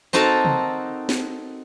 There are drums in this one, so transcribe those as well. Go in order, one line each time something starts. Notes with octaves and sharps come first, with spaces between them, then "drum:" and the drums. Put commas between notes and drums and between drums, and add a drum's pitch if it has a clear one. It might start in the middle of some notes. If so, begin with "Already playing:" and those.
C4 D#4 F#4 A4 A#4 A5
drum: tom C3
drum: snare